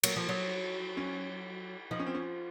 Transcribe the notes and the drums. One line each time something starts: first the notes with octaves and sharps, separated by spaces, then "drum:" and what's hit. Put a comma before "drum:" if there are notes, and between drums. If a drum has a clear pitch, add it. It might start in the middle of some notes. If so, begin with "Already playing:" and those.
F#3 A#3, drum: cymbal
F3
F#3
C#4
F3 D#4
C#4
C4
C#4